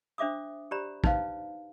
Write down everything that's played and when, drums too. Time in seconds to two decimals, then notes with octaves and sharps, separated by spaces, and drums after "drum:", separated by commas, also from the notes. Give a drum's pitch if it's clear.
0.18 D4 C5 E5 D6 D#6
0.71 G4 C5 D5 A#5 B5
1.04 D#4 B4 C5 F5, drum: kick